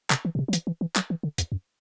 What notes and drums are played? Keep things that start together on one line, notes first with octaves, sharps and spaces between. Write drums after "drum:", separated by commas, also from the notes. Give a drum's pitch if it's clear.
C3, drum: clap
E3
B2
C3
F#3
E3, drum: hi-hat
E3
E3
F#3, drum: clap
E3
D3
E2, drum: hi-hat
F#2